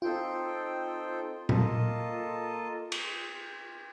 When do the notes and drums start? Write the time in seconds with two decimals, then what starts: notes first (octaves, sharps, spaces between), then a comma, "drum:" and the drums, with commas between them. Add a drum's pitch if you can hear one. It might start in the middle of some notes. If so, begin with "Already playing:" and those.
0.02 C4 D#4 F4 A4 C5 G5
1.49 A#3 F4 A4 D#5 A5, drum: tom
2.92 drum: cymbal